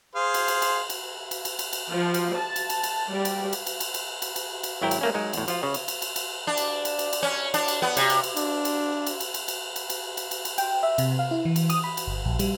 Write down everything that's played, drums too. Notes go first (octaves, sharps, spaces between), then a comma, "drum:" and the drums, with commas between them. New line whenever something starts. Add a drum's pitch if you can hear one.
G#4 C5 F5
drum: cymbal
drum: cymbal
drum: cymbal
drum: cymbal
drum: cymbal
drum: cymbal
drum: cymbal
drum: cymbal
F3
drum: cymbal
A5
drum: cymbal
drum: cymbal
drum: cymbal
G3
drum: cymbal
drum: cymbal
drum: cymbal
drum: cymbal
drum: cymbal
drum: cymbal
drum: cymbal
drum: cymbal
G#1 F#3 E4 G5 A#5
drum: cymbal
A3 A#3 C#4
F#3 G#3 D#4
E2 A2, drum: cymbal
F3 F4, drum: cymbal
C#3
drum: cymbal
drum: cymbal
drum: cymbal
drum: cymbal
D4
drum: cymbal
drum: cymbal
drum: cymbal
drum: cymbal
C#4
D4, drum: cymbal
drum: cymbal
B3
C3, drum: cymbal
drum: cymbal
drum: cymbal
D4, drum: cymbal
drum: cymbal
drum: cymbal
drum: cymbal
drum: cymbal
drum: cymbal
drum: cymbal
drum: cymbal
drum: cymbal
drum: cymbal
drum: cymbal
G5, drum: cymbal
E5
C3, drum: cymbal
F5
E4
E3
drum: cymbal
D#6, drum: cymbal
B5
drum: cymbal
G1
A#1
G3, drum: cymbal